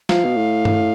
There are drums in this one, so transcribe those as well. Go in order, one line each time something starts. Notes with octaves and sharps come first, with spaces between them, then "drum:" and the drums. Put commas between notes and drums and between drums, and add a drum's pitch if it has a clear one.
F3 F5, drum: snare
B2
A2
drum: tom G2